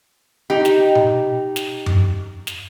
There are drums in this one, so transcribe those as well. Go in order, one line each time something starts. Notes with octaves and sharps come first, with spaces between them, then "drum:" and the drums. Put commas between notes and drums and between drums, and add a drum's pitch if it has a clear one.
D#4 G4
drum: snare
drum: tom B2
drum: snare
drum: tom F#2
drum: snare